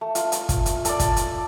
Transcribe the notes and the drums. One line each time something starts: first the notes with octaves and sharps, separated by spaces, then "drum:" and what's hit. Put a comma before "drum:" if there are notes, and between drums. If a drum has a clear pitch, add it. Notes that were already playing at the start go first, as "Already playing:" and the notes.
A3
F4, drum: hi-hat
drum: hi-hat
drum: kick, hi-hat
drum: hi-hat
A4 D5, drum: hi-hat
drum: kick, hi-hat
drum: hi-hat